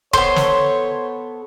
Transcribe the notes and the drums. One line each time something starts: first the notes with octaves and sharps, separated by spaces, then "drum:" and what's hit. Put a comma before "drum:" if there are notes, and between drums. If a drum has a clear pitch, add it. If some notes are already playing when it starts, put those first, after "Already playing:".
B3 A4 C5 C#5 C6, drum: kick
drum: snare